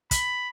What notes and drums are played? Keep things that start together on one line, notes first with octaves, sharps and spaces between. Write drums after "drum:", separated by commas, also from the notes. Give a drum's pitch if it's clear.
B5, drum: kick, hi-hat